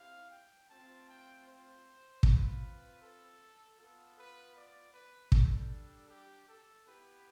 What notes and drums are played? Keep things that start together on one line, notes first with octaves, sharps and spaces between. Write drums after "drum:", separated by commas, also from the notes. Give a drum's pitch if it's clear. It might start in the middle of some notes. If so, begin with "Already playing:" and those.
Already playing: C4 E4 G4 F5
G5
A3 C4 F4 A5
G5
C5
C4 F4 B4, drum: kick
A4
B3 F4 A4
B4
D5
B4
G3 D4 G4 A4, drum: kick
G4
A4
B3 E4 G4 B4